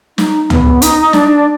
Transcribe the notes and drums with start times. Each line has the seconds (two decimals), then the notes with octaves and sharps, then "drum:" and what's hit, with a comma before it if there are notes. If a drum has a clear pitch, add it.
0.18 D#4, drum: snare
0.50 B3, drum: tom C#2
0.82 D#4, drum: hi-hat
1.13 D4, drum: snare